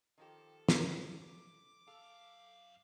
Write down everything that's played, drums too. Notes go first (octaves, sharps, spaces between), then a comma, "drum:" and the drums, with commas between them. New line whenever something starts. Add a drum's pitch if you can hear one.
D#3 F3 G4 A4
drum: snare
D6
F#2 A4 F5